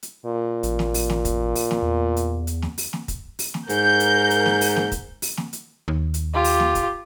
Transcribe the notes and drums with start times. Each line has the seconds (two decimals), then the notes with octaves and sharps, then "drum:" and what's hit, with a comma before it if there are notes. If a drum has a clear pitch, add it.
0.03 drum: hi-hat
0.26 A#2
0.63 A1, drum: hi-hat
0.79 drum: snare
0.94 drum: open hi-hat
1.10 drum: snare
1.25 drum: kick, hi-hat
1.55 drum: open hi-hat
1.71 drum: snare
1.82 E2
2.17 drum: hi-hat
2.47 drum: hi-hat
2.62 drum: snare
2.78 drum: open hi-hat
2.93 drum: snare
3.08 drum: kick, hi-hat
3.39 drum: open hi-hat
3.54 drum: snare
3.69 G#2 A#4 G6, drum: hi-hat
4.00 drum: hi-hat
4.30 drum: hi-hat
4.46 drum: snare
4.61 drum: open hi-hat
4.76 drum: snare
4.92 drum: kick, hi-hat
5.22 drum: open hi-hat
5.37 drum: snare
5.53 drum: hi-hat
5.88 D#2
6.14 drum: hi-hat
6.34 F4 G4
6.44 drum: open hi-hat
6.60 drum: snare
6.75 drum: kick, hi-hat